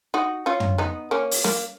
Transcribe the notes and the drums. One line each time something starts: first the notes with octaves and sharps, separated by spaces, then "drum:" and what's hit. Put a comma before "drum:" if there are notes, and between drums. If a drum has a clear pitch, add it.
D#4 F#4
C#4 F4
drum: tom
B3 D#4
A#3 C#4
drum: open hi-hat
A#3, drum: snare